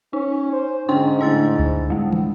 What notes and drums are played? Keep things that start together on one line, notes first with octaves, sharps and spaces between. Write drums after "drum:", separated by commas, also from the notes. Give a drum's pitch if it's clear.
C#4 D#4
C5
G#2 D3 C#4 G5 C6 C#6
A2 D3 C5 E6 A6
drum: kick C#2
G3 G#3
drum: tom